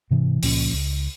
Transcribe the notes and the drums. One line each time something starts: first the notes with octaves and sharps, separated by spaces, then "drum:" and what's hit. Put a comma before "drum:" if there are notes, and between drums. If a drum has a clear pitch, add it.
G#2 C3 E3
C#2 A#2 F3 C#4, drum: open hi-hat
C#2